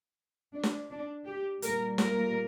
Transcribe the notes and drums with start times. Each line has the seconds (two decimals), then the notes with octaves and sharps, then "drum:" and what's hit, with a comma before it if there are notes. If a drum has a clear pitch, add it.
0.54 D4
0.63 drum: snare
0.90 D4
1.26 G4
1.62 A#2 G3 A#3 A#4, drum: hi-hat
1.98 A#4, drum: snare